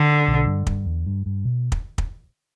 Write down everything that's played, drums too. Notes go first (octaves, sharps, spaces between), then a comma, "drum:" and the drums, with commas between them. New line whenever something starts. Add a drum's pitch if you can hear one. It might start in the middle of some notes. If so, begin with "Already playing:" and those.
Already playing: D3
B1 B2
G2
G2, drum: kick
E2
G2
G2
B2
drum: kick
drum: kick